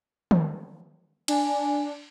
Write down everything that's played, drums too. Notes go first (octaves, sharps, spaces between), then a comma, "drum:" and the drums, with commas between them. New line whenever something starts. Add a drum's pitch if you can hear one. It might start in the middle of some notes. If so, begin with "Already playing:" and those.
drum: tom
D4 G#5, drum: cymbal